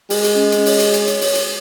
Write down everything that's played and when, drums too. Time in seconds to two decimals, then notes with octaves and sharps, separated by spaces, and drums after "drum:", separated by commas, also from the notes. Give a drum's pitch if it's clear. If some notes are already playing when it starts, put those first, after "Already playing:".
0.10 G#3, drum: open hi-hat
0.24 drum: hi-hat
0.34 C#4
0.52 drum: hi-hat
0.66 C#5, drum: open hi-hat
0.80 drum: hi-hat
0.94 drum: hi-hat
1.07 drum: hi-hat
1.21 drum: open hi-hat
1.35 drum: hi-hat